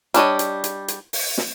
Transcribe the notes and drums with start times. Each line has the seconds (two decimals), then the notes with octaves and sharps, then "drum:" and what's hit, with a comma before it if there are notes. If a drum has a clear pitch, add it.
0.14 G3 D4 C#5 D#5, drum: hi-hat
0.39 drum: hi-hat
0.64 drum: hi-hat
0.88 drum: hi-hat
1.13 drum: open hi-hat
1.38 drum: snare